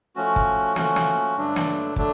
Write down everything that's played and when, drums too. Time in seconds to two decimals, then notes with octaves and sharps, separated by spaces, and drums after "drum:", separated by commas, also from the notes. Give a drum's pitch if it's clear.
0.16 F3 A3 C#4 F#4
0.36 drum: kick
0.76 F3 A3 C#4 F#4, drum: snare
0.96 drum: snare
1.36 G2 D3 F#3 A3 D4
1.56 drum: snare
1.96 D3 F#3 A3 D4, drum: kick